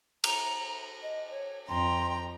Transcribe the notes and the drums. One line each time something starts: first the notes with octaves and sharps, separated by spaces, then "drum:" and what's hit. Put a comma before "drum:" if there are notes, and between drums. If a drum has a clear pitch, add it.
A#5, drum: cymbal
D#5
C#5
F2 G5 A#5 C6